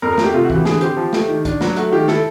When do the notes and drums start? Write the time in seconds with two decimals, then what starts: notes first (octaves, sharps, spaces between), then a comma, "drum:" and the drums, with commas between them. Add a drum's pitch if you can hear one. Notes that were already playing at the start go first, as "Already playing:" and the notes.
0.02 F2 A#4
0.12 A#4
0.18 A3, drum: snare
0.24 G4
0.34 C3 F4
0.44 F#4
0.50 E3, drum: kick
0.56 G4
0.65 D3 G#4, drum: snare
0.81 C4 G4, drum: hi-hat
0.97 F3
1.13 A3, drum: snare
1.28 D#3
1.45 D4, drum: kick, hi-hat
1.61 F#3, drum: snare
1.76 A3 F#4, drum: hi-hat
1.92 D#3 G4
2.08 E4 A4, drum: snare